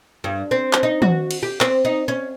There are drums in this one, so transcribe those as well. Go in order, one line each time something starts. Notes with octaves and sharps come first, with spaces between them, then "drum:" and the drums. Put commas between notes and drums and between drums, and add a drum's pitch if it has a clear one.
G2
C4
drum: clap
D#4
F#4, drum: tom
drum: cymbal
G4
C4, drum: clap
D#4
C#4